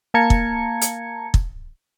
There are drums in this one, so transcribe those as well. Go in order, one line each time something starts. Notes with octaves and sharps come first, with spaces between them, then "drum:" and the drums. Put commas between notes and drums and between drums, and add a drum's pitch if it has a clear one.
A#3 F5 A5 A#5 G#6 C#7
drum: kick
drum: hi-hat
drum: kick